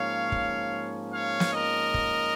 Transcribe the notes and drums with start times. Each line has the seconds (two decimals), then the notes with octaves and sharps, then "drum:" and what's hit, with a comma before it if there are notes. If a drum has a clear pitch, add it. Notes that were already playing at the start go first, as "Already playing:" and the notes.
Already playing: G#2 F3 A#3 C#4 C#5 F5
0.32 drum: kick
1.12 C#5 F5
1.40 drum: snare
1.53 A#4 D#5
1.94 drum: kick